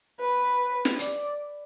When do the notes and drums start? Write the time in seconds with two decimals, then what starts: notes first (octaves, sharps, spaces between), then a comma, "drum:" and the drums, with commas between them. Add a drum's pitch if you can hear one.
0.20 B4
0.85 drum: snare
0.99 D5, drum: hi-hat